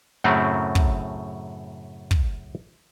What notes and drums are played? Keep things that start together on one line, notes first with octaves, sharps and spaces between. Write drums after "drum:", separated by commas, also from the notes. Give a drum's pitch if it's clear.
F#2 A2 C#3 F#3 A3 C4
drum: kick
drum: kick